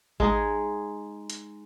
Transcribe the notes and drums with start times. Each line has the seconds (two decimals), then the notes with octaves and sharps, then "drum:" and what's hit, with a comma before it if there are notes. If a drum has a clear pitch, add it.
0.20 G#3 D#4 G#4, drum: kick G#1
1.30 drum: hi-hat